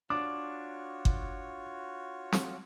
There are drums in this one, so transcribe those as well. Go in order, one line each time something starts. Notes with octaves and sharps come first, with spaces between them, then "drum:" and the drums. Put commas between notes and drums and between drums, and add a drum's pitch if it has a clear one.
D4 F4 F#4 C#5 D6
drum: kick G1
drum: snare